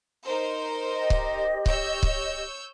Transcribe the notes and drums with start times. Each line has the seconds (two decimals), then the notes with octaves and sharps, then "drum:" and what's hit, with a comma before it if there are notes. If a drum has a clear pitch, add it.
0.25 D#4 A#4 C5
0.95 G4 D#5
1.10 drum: kick C#1
1.66 C#5 E6 G6, drum: kick C#1
2.03 drum: kick C#1